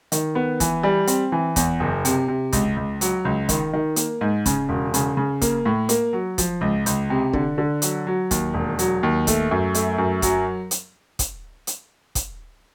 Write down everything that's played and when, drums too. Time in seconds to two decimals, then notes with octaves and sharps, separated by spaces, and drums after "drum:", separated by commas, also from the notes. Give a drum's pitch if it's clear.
0.12 D#3, drum: hi-hat
0.35 B3
0.60 E3, drum: kick, hi-hat
0.83 G3
1.07 C4, drum: hi-hat
1.32 E3
1.56 E2, drum: kick, hi-hat
1.80 F#1
2.05 C3, drum: hi-hat
2.28 C3
2.52 C#2, drum: kick, hi-hat
2.77 C#2
3.01 F#3, drum: hi-hat
3.25 C#2
3.49 D#3, drum: kick, hi-hat
3.73 D#3
3.96 A#3, drum: hi-hat
4.21 G#2
4.46 C#3, drum: kick, hi-hat
4.69 E1
4.94 C#3, drum: hi-hat
5.17 C#3
5.41 A#3, drum: kick, hi-hat
5.65 A2
5.89 A#3, drum: hi-hat
6.13 F#3
6.38 F3, drum: kick, hi-hat
6.61 C#2
6.86 C#2, drum: hi-hat
7.10 C3
7.33 D3, drum: kick
7.58 D3
7.82 F#3, drum: hi-hat
8.07 F#3
8.31 D#2, drum: kick, hi-hat
8.54 E1
8.79 F#3, drum: hi-hat
9.03 D#2
9.27 A3, drum: kick, hi-hat
9.51 F#2
9.74 A3, drum: hi-hat
9.98 F#2
10.22 F#3, drum: kick, hi-hat
10.71 drum: hi-hat
11.19 drum: kick, hi-hat
11.67 drum: hi-hat
12.15 drum: kick, hi-hat